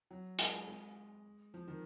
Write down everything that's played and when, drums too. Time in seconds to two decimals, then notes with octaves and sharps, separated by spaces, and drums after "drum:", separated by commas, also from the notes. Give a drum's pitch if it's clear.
0.11 F#3
0.39 G#3, drum: hi-hat
0.68 G#3
1.54 F3
1.68 D#3